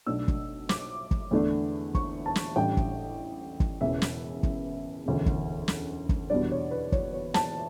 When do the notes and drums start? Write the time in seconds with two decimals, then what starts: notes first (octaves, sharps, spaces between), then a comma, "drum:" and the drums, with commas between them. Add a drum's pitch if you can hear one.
0.07 B1 B2 A3 D4 E6
0.28 drum: kick
0.69 D6, drum: snare
1.11 drum: kick
1.31 E2 D3 A3 D4
1.95 C#6, drum: kick
2.26 A5
2.35 drum: snare
2.56 A1 A2 G3 D4 G5
2.77 drum: kick
3.60 drum: kick
3.81 E1 E2 C#3 E3 E5
4.02 drum: snare
4.43 drum: kick
5.06 E1 D2 C#3
5.26 drum: kick
5.68 drum: snare
6.09 drum: kick
6.30 E2 B2 G3 D4 D5
6.51 C#5
6.71 B4
6.92 C#5, drum: kick
7.13 C#5
7.34 A5, drum: snare